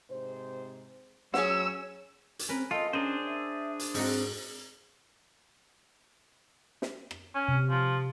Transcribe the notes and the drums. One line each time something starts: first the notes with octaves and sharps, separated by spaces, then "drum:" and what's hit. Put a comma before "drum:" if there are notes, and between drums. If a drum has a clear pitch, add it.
G#2 C3 C5
F#3 C#4 G#4 F#5 E6, drum: snare
drum: hi-hat
C4 C#4 A#4 B4
F4 A4 D#5 G5
C#4 D4 G#4 A#4 C5
E5
drum: hi-hat
G#2 C4 D#4 F#4, drum: open hi-hat
drum: snare
drum: rim click
C#4
C3
F3